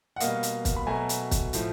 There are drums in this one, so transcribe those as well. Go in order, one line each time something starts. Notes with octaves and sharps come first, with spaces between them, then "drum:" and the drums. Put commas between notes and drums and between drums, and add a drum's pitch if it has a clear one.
F#5
B2 G3 A#3 D#5 F5, drum: hi-hat
drum: hi-hat
drum: kick, hi-hat
B5
B2 F#3 A3 G#5 A#5
drum: hi-hat
drum: kick, hi-hat
A2 F3 A3, drum: hi-hat